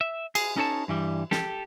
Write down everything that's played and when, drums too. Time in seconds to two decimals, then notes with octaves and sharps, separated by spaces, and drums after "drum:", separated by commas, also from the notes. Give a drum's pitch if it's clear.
0.01 E5
0.35 G#4, drum: cymbal
0.56 C#4 D#4 A4 C#5 A5
0.88 G2 E3 G3
1.31 G4 A4, drum: snare